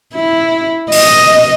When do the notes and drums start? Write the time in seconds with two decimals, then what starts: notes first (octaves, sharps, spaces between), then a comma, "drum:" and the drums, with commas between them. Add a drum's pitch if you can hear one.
0.15 E4
0.92 D#5, drum: open hi-hat